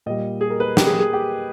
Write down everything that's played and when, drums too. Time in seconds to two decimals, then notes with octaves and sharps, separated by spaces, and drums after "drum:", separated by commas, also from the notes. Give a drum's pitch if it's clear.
0.06 A#2 G3 D#5
0.41 G#4
0.50 A#4
0.60 B4
0.77 G4, drum: snare
0.87 G#4
1.00 G#4
1.13 G4